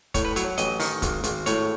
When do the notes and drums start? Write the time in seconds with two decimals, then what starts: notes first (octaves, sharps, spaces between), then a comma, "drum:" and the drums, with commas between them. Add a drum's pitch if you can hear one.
0.14 A2 C#5, drum: kick, hi-hat
0.25 B4
0.36 F#3 C#5, drum: hi-hat
0.58 A1 D#5, drum: hi-hat
0.80 D#3, drum: open hi-hat
1.02 G#1, drum: kick, hi-hat
1.24 G#1, drum: hi-hat
1.46 A2 C#5, drum: hi-hat